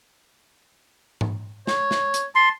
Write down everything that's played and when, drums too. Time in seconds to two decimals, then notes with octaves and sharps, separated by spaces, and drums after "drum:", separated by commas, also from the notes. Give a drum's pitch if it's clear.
1.21 drum: tom G#2
1.67 C#5, drum: snare
1.91 drum: snare
2.14 drum: hi-hat
2.35 A5 C6